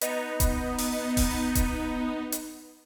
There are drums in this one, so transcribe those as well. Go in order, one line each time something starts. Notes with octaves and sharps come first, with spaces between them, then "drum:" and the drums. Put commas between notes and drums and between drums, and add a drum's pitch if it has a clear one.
B3 D#4, drum: hi-hat
drum: kick D#1, hi-hat
drum: open hi-hat
drum: kick D#1, open hi-hat
drum: kick D#1, hi-hat
drum: hi-hat